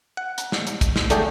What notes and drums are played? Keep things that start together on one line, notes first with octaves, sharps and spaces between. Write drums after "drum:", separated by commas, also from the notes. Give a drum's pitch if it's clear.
F#5
drum: hi-hat
drum: snare
drum: hi-hat
drum: kick, hi-hat
drum: snare
D3 A3 D4 G#4 G5, drum: hi-hat